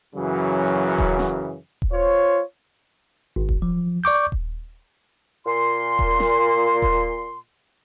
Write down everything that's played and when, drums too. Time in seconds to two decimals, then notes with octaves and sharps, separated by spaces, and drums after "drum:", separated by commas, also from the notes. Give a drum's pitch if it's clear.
0.15 F#2 C#3 E3 F#3
0.98 drum: kick D#1
1.19 drum: snare
1.82 drum: kick D#1
1.92 F4 C5 C#5
3.36 G#1
3.49 drum: kick D#1
3.62 F3
4.04 D5 C#6 D6 G6
4.32 drum: kick D#1
5.46 A#2 C6
5.99 drum: kick D#1
6.20 drum: snare
6.82 drum: kick D#1